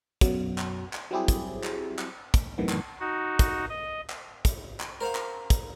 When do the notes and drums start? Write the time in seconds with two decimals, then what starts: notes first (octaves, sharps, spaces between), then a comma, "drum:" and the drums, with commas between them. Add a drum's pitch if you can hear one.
0.21 F#2 B2 F#3, drum: kick, hi-hat
0.58 drum: clap
0.93 drum: clap
1.11 F#3 G3 C4 E4 G4 G#4
1.28 drum: kick, hi-hat
1.64 drum: clap
1.99 drum: clap
2.34 drum: kick, hi-hat
2.58 F#2 A2 C3 D#3 E3 B3
2.69 drum: clap
3.00 D#4 F#4
3.39 drum: kick, hi-hat
3.69 D#5
4.10 drum: clap
4.45 drum: kick, hi-hat
4.80 drum: clap
5.01 A#4 C5 F5 F#5
5.15 drum: clap
5.50 drum: kick, hi-hat